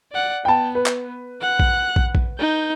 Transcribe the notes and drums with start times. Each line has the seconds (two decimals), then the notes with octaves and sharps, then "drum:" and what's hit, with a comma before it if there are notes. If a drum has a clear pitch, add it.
0.12 D5 F#5
0.45 B3 G5 A5
0.75 B4
0.86 drum: clap
1.41 F#5 F#6
1.60 drum: kick
1.96 drum: kick
2.15 drum: kick
2.39 D#4 G6